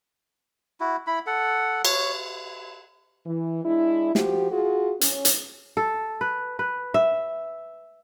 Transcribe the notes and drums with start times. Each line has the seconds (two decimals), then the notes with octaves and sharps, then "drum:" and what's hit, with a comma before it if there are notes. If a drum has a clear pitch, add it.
0.80 E4 F#4
1.07 E4 B5
1.26 A4 F#5
1.85 C#5, drum: cymbal
3.26 E3
3.64 G#3 D4 E4
4.15 F3 F#4 G4, drum: snare
4.51 F4 F#4 G#4
5.01 C#4, drum: hi-hat
5.25 drum: hi-hat
5.77 A4
6.21 B4
6.59 B4
6.94 E5